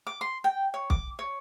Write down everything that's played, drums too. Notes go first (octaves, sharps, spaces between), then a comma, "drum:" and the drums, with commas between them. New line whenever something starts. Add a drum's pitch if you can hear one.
D6
C6
G5
C#5
D6, drum: kick B1
C#5